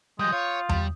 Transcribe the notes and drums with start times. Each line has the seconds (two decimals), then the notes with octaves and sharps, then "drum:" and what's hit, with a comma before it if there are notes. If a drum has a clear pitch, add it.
0.19 F3 G3 G#3 D#6 G6
0.32 F4 C#5
0.69 G3, drum: tom E2